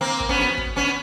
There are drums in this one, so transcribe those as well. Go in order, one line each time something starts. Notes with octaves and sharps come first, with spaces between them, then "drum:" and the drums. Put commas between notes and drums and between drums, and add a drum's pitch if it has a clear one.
A#3 C4
drum: kick
B3 C#4
drum: snare
drum: kick
B3 C#4